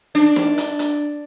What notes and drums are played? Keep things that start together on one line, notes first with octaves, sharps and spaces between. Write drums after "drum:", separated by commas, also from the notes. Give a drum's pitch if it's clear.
D4
drum: snare
drum: hi-hat
drum: hi-hat